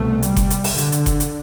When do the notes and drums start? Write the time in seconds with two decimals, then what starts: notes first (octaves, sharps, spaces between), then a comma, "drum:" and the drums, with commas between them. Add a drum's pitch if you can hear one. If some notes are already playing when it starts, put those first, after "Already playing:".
Already playing: C2 B2 A3
0.22 G3, drum: hi-hat
0.36 drum: kick F#1, hi-hat
0.50 drum: hi-hat
0.64 drum: open hi-hat
0.78 D3, drum: hi-hat
0.92 drum: hi-hat
1.06 drum: kick F#1, hi-hat
1.20 drum: hi-hat